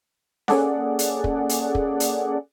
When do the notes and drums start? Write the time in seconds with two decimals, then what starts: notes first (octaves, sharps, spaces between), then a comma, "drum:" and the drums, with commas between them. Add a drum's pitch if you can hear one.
0.48 A#3 C#4 G#4 A4 D5 F#5, drum: snare C#4
0.99 drum: hi-hat
1.24 drum: kick
1.49 drum: hi-hat
1.75 drum: kick
2.00 drum: hi-hat